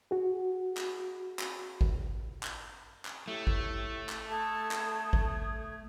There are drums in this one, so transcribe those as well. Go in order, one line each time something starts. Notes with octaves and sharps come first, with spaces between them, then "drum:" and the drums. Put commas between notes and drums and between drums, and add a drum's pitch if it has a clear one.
F#4 G#4
drum: clap
drum: clap
drum: kick G#1
drum: clap
drum: clap
A3 E4 G4 C#5
drum: kick G#1
drum: clap
A4 A5 D#6 G#6
drum: clap
drum: kick G#1